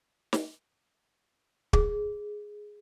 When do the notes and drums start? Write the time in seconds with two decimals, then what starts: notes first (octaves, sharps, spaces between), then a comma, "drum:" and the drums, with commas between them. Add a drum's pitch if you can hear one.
0.33 drum: snare
1.73 G#4, drum: kick